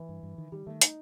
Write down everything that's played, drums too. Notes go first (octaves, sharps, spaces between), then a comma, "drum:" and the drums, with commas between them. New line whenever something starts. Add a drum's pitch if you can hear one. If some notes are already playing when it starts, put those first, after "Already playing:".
Already playing: E3
G2
G2
D#3
D#3 G3
D#3 A3
D#4, drum: hi-hat